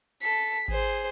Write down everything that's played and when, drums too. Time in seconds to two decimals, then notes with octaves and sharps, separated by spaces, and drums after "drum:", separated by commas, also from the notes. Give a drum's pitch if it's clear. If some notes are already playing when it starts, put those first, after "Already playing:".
0.22 A4 B6
0.68 G#4 C5, drum: kick G#1